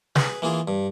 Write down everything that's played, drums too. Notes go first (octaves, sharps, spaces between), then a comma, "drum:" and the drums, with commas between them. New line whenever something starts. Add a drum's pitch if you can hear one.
G#4 B4, drum: snare
E3 A#3 F4 G#4
G2